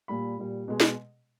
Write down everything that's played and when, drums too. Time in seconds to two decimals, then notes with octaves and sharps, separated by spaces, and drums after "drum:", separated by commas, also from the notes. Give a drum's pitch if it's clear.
0.08 A#2 G3 B5
0.38 A#2 G3
0.68 B2 G#3
0.80 drum: snare